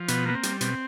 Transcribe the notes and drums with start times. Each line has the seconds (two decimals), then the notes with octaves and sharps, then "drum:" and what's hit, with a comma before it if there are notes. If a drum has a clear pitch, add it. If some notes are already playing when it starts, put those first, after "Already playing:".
Already playing: F3
0.08 B2 B3, drum: hi-hat
0.26 A#3 B3
0.35 C4
0.43 G3, drum: hi-hat
0.61 B2 C4, drum: hi-hat